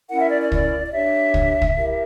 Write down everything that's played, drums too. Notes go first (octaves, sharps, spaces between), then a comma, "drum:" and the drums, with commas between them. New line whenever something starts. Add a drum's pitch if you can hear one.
C#4 E4 A#4 F#5
E5
D5
D5
D5, drum: kick
D5
D4 G4 C#5 E5
drum: kick
drum: kick
E4 G4 A#4